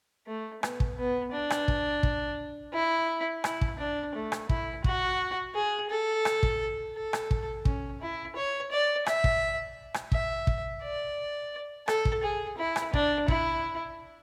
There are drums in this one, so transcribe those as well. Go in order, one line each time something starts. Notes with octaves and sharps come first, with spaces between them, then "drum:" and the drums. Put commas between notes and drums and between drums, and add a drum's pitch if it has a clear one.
A3
B3, drum: rim click
drum: kick
B3
D4
drum: rim click
drum: kick
drum: kick
E4
E4, drum: rim click
drum: kick
D4
A3
drum: rim click
E4, drum: kick
F#4, drum: kick
G#4
A4
drum: rim click
drum: kick
A4
drum: rim click
drum: kick
C#4, drum: kick
E4
C#5
D5
E5, drum: rim click
drum: kick
drum: rim click
E5, drum: kick
drum: kick
D5
A4, drum: rim click
drum: kick
G#4
E4
drum: rim click
D4, drum: kick
E4, drum: kick